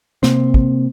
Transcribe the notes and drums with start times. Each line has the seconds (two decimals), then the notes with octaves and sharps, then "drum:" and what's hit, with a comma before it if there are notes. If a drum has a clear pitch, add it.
0.23 C3 A#3 C4, drum: snare
0.54 drum: kick